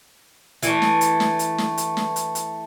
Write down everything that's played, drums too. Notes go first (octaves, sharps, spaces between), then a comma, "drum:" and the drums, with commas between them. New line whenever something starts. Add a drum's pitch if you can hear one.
E3 A3, drum: hi-hat
drum: snare
drum: hi-hat
drum: snare
drum: hi-hat
drum: snare
drum: hi-hat
drum: snare
drum: hi-hat
drum: hi-hat